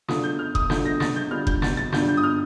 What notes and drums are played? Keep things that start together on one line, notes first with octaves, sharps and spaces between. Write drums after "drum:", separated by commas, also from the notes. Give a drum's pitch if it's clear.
D3 A3 D4 F4 D#6, drum: snare
G6
F6
D#6, drum: kick F#1
D3 A3 D4 F4 G6, drum: snare
A#6
A6, drum: snare
G6
D3 G3 D4 F4 F6
G6, drum: kick F#1
A6, drum: snare
A6
D3 G3 D4 F4 G6, drum: snare
G6
D#6
F6